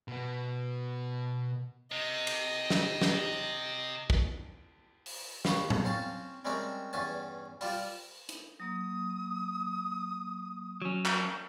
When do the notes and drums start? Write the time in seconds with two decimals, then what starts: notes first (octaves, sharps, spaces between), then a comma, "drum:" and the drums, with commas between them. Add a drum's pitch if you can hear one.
0.08 B2 B3
1.92 C3 D#5
2.27 drum: cymbal
2.70 drum: snare
3.01 drum: snare
4.10 drum: kick
5.06 drum: open hi-hat
5.45 D#2 B5 C#6, drum: snare
5.70 drum: tom
5.85 C4 C#4 F5 A5
6.45 G3 G#3 C4 C#4 A#4 E5
6.93 E2 G2 C#4 G#5 A5
7.61 G3 F4, drum: open hi-hat
8.29 drum: hi-hat
8.60 F#3 A#3 D#6
10.82 F#3 C#4
11.05 drum: clap